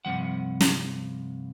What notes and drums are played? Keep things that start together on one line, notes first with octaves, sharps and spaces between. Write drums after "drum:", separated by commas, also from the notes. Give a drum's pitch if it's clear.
G2 C3 F3 F#5
drum: snare